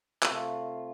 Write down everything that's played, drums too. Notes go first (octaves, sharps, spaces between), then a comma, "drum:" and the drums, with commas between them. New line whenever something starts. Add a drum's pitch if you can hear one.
C3 A3 F4, drum: clap